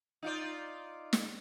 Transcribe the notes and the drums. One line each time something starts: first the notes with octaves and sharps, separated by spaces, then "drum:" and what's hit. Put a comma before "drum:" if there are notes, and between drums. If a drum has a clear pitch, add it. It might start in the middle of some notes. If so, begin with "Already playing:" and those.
D#4 F4 D5
drum: snare